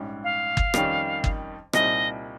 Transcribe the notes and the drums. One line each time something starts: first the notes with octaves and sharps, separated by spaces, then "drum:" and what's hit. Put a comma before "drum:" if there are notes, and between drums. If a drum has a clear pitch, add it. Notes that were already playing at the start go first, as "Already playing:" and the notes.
Already playing: A#1 G#2 G3 C#4
F5
drum: kick
F2 D#3 G3 C#4, drum: rim click
drum: kick
C2 A#2 G3 C4 D#4 D#5, drum: rim click